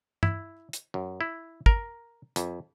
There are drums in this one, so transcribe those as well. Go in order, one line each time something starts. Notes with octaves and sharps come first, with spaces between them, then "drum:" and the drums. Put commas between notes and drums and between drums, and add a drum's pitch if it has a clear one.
E4, drum: tom G2
drum: hi-hat
F#2
E4
A#4, drum: kick
F2, drum: hi-hat